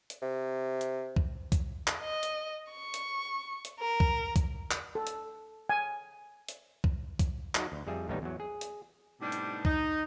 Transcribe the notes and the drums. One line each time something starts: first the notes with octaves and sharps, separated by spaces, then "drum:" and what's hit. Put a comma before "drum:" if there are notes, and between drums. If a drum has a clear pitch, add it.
drum: hi-hat
C3
drum: hi-hat
drum: kick C2
drum: kick C2, hi-hat
drum: clap
D#5
drum: hi-hat
C#6
drum: hi-hat
drum: hi-hat
A#4
drum: kick C2
drum: kick C2, hi-hat
drum: clap
A4
drum: hi-hat
G#5
drum: hi-hat
drum: kick C2
drum: kick C2, hi-hat
F#3 D#4 F#4, drum: clap
D2
F2 G3 G#4 E5
A1 D#2 G3 B3 D#4 C#5
E2 F#3
G#4
drum: hi-hat
A2 C3 G3 B3 D4 D#4
drum: hi-hat
D#4, drum: kick C2